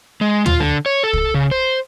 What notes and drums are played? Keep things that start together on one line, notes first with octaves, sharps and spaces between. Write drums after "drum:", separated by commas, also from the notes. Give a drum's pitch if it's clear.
G#3
F4, drum: tom
D3
C#5
A4
drum: kick
C#3
C5